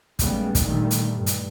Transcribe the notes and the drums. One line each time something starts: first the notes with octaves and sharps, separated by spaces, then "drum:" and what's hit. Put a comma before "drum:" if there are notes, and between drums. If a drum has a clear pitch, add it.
A2 C#3 G3 G#3 B3, drum: kick, hi-hat
drum: kick, hi-hat
A#2 D3 D#3 G3 A3
drum: hi-hat
G2
drum: hi-hat